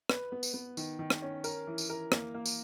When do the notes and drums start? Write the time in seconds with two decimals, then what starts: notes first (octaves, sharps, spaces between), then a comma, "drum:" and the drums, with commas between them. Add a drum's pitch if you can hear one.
0.09 B4, drum: rim click
0.32 B3
0.43 drum: tambourine
0.54 B3
0.77 D#3, drum: tambourine
0.99 D#3
1.10 drum: rim click
1.22 C#4
1.44 A#4, drum: tambourine
1.67 E3
1.78 drum: tambourine
1.89 A#4
2.12 A#3, drum: rim click
2.34 A#3
2.46 drum: tambourine